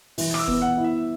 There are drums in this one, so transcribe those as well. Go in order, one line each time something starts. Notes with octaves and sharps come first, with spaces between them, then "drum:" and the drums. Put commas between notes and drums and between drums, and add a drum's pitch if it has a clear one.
E3, drum: open hi-hat
D6, drum: rim click
E6
B3, drum: kick F#1
F#5
E4
E5